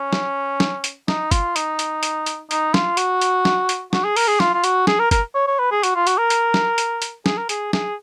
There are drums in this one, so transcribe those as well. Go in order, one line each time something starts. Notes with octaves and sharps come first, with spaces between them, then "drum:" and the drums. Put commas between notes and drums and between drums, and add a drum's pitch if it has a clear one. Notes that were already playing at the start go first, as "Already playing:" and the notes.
Already playing: C#4
drum: snare
drum: snare
drum: hi-hat
D#4, drum: snare
F4, drum: kick, hi-hat
D#4, drum: hi-hat
drum: hi-hat
drum: hi-hat
drum: hi-hat
D#4, drum: hi-hat
F4, drum: snare
F#4, drum: hi-hat
drum: hi-hat
drum: snare
drum: hi-hat
F#4, drum: snare
G#4
A#4, drum: open hi-hat
G#4
F4, drum: snare
F4
F#4, drum: hi-hat
G#4, drum: snare
A#4
A#4, drum: kick, hi-hat
C#5
C#5
B4
G#4
F#4, drum: hi-hat
F4
F#4, drum: hi-hat
A#4
drum: hi-hat
drum: snare
drum: hi-hat
drum: hi-hat
G#4, drum: snare
A#4
G#4, drum: hi-hat
G#4, drum: snare